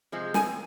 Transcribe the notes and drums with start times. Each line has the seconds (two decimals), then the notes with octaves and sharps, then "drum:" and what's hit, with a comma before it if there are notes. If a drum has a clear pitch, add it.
0.12 C3 F3 G#3
0.34 F2 G#5, drum: snare